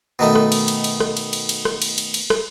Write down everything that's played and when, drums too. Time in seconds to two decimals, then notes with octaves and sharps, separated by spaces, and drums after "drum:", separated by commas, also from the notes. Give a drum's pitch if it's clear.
0.19 B2 D#3 A3
0.35 drum: rim click
0.52 drum: cymbal
0.68 drum: cymbal
0.84 drum: cymbal
1.00 drum: rim click
1.17 drum: cymbal
1.33 drum: cymbal
1.49 drum: cymbal
1.65 drum: rim click
1.82 drum: cymbal
1.98 drum: cymbal
2.14 drum: cymbal
2.30 drum: rim click